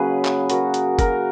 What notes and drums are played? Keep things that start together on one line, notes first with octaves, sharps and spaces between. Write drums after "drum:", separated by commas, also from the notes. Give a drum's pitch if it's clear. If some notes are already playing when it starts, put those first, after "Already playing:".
Already playing: C#3 F#3 A#3 G#4 B4
drum: clap
F#4 A#4, drum: hi-hat
drum: hi-hat
F#4 A#4, drum: kick F#1, hi-hat